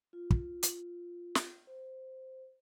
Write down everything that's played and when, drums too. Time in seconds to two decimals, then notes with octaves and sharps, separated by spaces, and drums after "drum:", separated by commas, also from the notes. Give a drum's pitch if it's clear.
0.13 F4
0.30 drum: kick
0.63 drum: hi-hat
1.35 drum: snare
1.67 C5